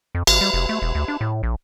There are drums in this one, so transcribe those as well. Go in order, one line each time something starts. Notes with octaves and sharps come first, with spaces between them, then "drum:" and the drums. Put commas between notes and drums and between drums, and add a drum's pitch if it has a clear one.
F2
G#1, drum: cymbal
G3
F1
A3
E1
D2
D4
A2
A#1